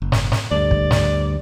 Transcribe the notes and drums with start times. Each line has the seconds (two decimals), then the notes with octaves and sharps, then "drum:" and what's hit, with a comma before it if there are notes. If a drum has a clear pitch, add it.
0.02 F#1
0.12 drum: snare
0.32 drum: snare
0.51 D2 G2 D5
0.71 drum: kick
0.91 drum: snare